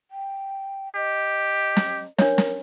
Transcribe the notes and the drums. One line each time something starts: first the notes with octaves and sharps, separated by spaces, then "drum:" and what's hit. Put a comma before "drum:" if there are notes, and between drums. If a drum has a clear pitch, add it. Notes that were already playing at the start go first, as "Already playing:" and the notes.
G5
G4 D#5
drum: snare
D4 A#4 C#5, drum: snare
drum: snare